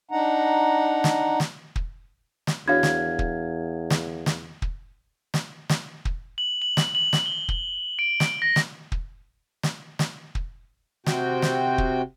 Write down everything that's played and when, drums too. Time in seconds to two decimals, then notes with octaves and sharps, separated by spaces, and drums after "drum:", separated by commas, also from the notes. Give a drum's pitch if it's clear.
0.11 D4 D#4 F#5 A#5
1.04 drum: snare
1.40 drum: snare
1.76 drum: kick
2.47 drum: snare
2.68 E2 D4 F#4 C#5 F5 G#6
2.83 drum: snare
3.19 drum: kick
3.90 drum: snare
4.26 drum: snare
4.62 drum: kick
5.34 drum: snare
5.69 drum: snare
6.05 drum: kick
6.38 F#7
6.62 F#7
6.77 drum: snare
6.95 F#7
7.13 drum: snare
7.26 G7
7.49 drum: kick
7.99 D7
8.20 drum: snare
8.42 A#6
8.56 drum: snare
8.92 drum: kick
9.63 drum: snare
9.99 drum: snare
10.35 drum: kick
11.06 C3 C4 F#4 G5, drum: snare
11.42 drum: snare
11.78 drum: kick